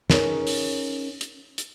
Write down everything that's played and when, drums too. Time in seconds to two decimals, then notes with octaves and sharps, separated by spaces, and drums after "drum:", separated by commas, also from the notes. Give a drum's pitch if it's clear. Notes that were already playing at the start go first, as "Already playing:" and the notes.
0.10 C#4 D#4 G#4 A#4 B4 C#5, drum: snare
0.47 drum: open hi-hat
1.21 drum: hi-hat
1.58 drum: hi-hat